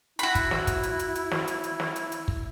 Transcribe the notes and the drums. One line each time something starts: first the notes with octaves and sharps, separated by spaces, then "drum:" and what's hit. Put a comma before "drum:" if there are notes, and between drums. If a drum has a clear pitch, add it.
E4 F#4 B5, drum: hi-hat
drum: kick, hi-hat
drum: snare
drum: kick, hi-hat
drum: hi-hat
drum: hi-hat
drum: hi-hat
drum: snare
drum: hi-hat
drum: hi-hat
drum: snare
drum: hi-hat
drum: hi-hat
drum: kick